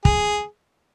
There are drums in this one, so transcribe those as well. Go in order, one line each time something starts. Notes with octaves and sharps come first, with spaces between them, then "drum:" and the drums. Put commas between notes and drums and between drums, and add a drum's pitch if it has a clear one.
G#4, drum: kick